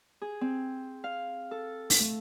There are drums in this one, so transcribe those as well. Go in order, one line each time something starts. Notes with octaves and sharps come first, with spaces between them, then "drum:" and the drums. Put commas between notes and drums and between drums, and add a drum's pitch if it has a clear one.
G#4
C4
F5
A4
drum: open hi-hat
A3